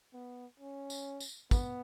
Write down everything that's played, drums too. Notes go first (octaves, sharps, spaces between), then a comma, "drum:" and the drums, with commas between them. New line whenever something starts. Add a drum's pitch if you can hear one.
B3
C#4
drum: tambourine
drum: tambourine
B3, drum: kick, tambourine